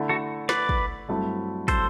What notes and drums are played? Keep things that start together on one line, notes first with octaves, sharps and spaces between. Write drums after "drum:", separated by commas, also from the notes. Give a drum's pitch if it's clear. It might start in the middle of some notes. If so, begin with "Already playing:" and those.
Already playing: D3 A3 E4
F#4 A4
B4 D5, drum: snare
drum: kick
G2 F#3 A3 C4 E4
A4 C5, drum: kick, hi-hat